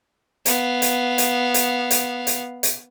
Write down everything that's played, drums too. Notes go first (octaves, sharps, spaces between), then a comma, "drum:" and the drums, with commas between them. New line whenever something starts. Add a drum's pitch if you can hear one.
B3 F5, drum: hi-hat
drum: hi-hat
drum: hi-hat
drum: hi-hat
drum: hi-hat
drum: hi-hat
drum: hi-hat